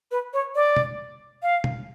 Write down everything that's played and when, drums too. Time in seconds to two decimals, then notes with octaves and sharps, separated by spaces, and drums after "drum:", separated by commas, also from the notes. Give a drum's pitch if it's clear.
0.11 B4
0.33 C#5
0.55 D5
0.77 drum: tom
1.42 F5
1.64 drum: tom